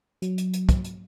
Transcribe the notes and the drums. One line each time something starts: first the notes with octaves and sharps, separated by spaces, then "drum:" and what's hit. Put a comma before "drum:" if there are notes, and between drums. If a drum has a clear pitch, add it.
F#3, drum: hi-hat
drum: hi-hat
drum: hi-hat
drum: kick, hi-hat
drum: hi-hat